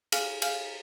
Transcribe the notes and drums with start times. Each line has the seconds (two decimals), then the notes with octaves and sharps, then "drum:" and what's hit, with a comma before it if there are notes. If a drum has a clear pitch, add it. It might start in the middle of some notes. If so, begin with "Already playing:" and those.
0.12 G#4 F5 G#5 F6, drum: cymbal
0.42 G#4 F5 G#5 F6, drum: cymbal